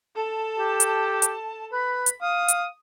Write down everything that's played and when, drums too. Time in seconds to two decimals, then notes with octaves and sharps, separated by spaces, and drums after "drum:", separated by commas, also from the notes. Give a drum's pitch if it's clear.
0.16 A4 A5
0.59 G4
0.80 drum: hi-hat
1.22 drum: hi-hat
1.73 B4 B5
2.06 drum: hi-hat
2.22 F5 D#6
2.48 drum: hi-hat